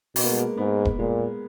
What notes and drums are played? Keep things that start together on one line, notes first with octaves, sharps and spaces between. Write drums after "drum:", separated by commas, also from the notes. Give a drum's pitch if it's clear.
B2 B3, drum: open hi-hat
A#3
G#3
A#3
G#2 B3
drum: kick D#1
A#2 G#3